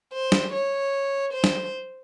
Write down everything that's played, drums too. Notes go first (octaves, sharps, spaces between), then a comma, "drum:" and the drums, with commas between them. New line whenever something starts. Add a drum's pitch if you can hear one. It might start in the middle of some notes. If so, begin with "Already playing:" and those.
C5
drum: snare
C#5
C5
drum: snare